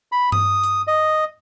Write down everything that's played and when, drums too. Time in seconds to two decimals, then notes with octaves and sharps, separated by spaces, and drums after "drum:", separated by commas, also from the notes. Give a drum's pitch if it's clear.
0.12 B5
0.32 D#6, drum: tom G2
0.64 drum: hi-hat
0.87 D#5